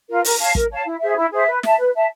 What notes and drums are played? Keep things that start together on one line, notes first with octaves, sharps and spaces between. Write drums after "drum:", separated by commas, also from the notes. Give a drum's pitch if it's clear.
F4 A#4
A#4, drum: open hi-hat
C#5 F5 A5
A#4, drum: kick
C#5 F5 A5
E4
G#4 C5 E5
E4
G#4 C5 E5
B4
E5 A5, drum: snare
B4
E5 A5